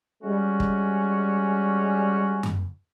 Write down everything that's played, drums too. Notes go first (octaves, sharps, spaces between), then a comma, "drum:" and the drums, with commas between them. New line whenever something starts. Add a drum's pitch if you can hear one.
G3 G#3 C#4 F#4
drum: kick
drum: tom F#2